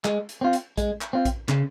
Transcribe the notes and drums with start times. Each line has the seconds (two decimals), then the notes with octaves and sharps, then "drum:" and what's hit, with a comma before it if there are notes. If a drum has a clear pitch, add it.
0.05 G#3, drum: clap
0.29 drum: hi-hat
0.41 C4 F4
0.53 drum: hi-hat
0.78 G#3, drum: kick A#1, hi-hat
1.01 drum: clap
1.13 C4 F4
1.25 drum: kick A#1, hi-hat
1.49 C#3, drum: clap